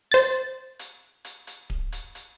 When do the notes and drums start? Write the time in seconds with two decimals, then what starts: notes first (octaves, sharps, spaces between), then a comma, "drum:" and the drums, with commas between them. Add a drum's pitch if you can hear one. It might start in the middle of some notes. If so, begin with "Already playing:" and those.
0.12 C5 A6, drum: open hi-hat
0.79 drum: hi-hat
1.25 drum: hi-hat
1.47 drum: hi-hat
1.70 drum: kick D1
1.92 drum: hi-hat
2.15 drum: hi-hat